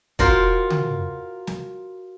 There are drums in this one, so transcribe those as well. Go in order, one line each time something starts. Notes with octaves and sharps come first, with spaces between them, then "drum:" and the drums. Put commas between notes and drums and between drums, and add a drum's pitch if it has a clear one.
F4 F#4 A#4 C5 D5, drum: kick
drum: tom C#3
drum: snare